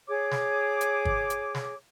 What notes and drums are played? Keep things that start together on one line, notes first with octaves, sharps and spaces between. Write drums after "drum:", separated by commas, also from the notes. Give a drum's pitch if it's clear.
G#4 C#5 D6
drum: snare
drum: hi-hat
drum: kick
drum: hi-hat
drum: snare